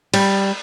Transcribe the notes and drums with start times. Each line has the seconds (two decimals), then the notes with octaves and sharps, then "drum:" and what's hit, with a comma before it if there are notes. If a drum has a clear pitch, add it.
0.14 G3, drum: cymbal